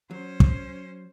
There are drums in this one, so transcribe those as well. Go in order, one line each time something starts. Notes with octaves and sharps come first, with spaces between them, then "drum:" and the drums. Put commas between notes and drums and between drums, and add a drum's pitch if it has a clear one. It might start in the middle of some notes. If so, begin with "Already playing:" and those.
F#3 C#4 C5
drum: kick